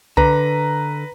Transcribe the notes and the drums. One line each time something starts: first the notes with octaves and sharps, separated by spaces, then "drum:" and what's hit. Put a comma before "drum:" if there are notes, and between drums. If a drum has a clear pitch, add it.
D3 B4 A#5, drum: kick C2